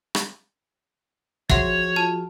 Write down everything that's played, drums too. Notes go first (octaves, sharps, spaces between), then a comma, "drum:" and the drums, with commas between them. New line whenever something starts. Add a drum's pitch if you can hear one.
drum: rim click
F3 F#4 G#4 C#5 E5 F#5 C6, drum: kick
F4 A5